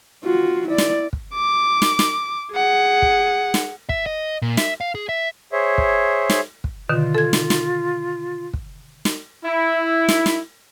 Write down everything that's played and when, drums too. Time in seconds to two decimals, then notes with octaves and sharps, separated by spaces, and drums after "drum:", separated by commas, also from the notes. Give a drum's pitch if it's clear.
0.24 F4 F#4
0.69 E4 D5
0.78 drum: snare
1.13 drum: kick
1.35 D6
1.82 drum: snare
1.99 drum: snare
2.53 G#4 F#5
3.02 drum: kick
3.54 drum: snare
3.89 E5, drum: kick
4.06 D#5
4.42 A#2
4.57 E5, drum: snare
4.81 F5
4.95 G#4
5.09 E5
5.52 G#4 C5 C#5 E5
5.78 drum: kick
6.30 drum: snare
6.64 drum: kick
6.89 B2 D3 D#3 F4
7.15 A4 G#6
7.33 drum: snare
7.50 drum: snare
8.53 drum: kick
9.05 drum: snare
9.45 E4
10.09 drum: snare
10.26 drum: snare